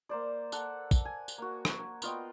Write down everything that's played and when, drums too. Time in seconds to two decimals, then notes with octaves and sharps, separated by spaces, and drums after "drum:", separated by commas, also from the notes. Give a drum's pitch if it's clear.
0.09 A#3 C5 D5
0.52 A4 F#5, drum: tambourine
0.91 drum: kick, tambourine
1.05 G#5
1.28 drum: tambourine
1.38 A#3 F#4
1.65 drum: rim click
2.02 B3 F4 D#5 G5, drum: tambourine